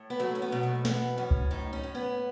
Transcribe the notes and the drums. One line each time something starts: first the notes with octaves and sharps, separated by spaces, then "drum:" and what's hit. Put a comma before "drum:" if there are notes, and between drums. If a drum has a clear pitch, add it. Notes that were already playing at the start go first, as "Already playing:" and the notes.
Already playing: A2
B3
F#3 A3
C#4
B3
B2
A3
E3 B3, drum: snare
F#2 C#4
drum: kick C2
A2 D#4
C#4
A2
B3